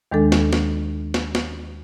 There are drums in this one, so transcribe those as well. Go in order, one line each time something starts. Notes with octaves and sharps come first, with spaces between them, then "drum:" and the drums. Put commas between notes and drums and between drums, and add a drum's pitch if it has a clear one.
D#2 D#3 G#3 D4 A4
drum: snare
drum: snare
drum: snare
drum: snare